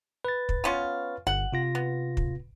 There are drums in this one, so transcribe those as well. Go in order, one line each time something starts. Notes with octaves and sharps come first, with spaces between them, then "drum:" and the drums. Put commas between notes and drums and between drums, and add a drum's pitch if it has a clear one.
B4 A6
drum: kick
B3 C#4 F4
G1 F#5
C3 F4 A#6
B3
drum: kick